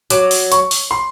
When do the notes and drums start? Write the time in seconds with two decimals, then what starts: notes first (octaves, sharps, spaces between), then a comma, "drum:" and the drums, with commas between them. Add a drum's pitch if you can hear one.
0.10 F#3 D6, drum: hi-hat
0.31 drum: open hi-hat
0.52 C#6, drum: hi-hat
0.71 drum: open hi-hat
0.91 C6